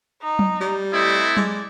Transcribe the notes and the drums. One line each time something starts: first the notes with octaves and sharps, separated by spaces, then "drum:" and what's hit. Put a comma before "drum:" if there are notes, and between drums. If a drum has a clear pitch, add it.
D#4
drum: tom F#3
G3
A3 C4 E4 D#5
G#3 D5, drum: tom F#3